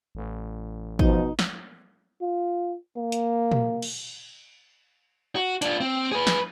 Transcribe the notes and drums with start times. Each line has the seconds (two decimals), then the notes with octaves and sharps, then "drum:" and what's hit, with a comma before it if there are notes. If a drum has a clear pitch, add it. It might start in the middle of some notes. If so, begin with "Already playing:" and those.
0.15 A1
0.99 B2 F3 D#4, drum: kick
1.39 drum: snare
2.21 F4
2.97 A#3
3.12 drum: hi-hat
3.51 drum: tom A#2
3.82 drum: cymbal
5.36 F#4
5.62 D4 F4, drum: hi-hat
5.80 C4
6.12 G#4 B4
6.27 drum: snare